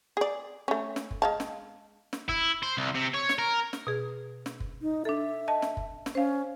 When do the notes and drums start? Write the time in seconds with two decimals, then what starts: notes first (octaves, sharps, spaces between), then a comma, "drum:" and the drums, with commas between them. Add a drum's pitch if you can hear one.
0.17 G#4 D5
0.68 A3 C#4
0.96 drum: snare
1.11 drum: kick
1.22 G#3 F5 A5
1.40 drum: snare
2.13 drum: snare
2.28 E4, drum: kick
2.63 C5
2.77 C2
2.95 C3
3.14 C#5
3.29 drum: snare
3.39 A#4
3.73 drum: snare
3.87 B2 G#4
4.46 drum: snare
4.60 drum: kick
4.82 D#4
5.05 D4 A4 E5
5.48 D#5 A5
5.62 drum: snare
5.77 drum: kick
6.06 drum: snare
6.15 C#4 C5 F5